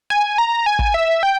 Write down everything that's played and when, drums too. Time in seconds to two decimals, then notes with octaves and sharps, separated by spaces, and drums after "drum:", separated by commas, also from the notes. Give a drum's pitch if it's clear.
0.10 G#5
0.38 A#5
0.66 G#5
0.79 drum: kick
0.94 E5
1.23 G5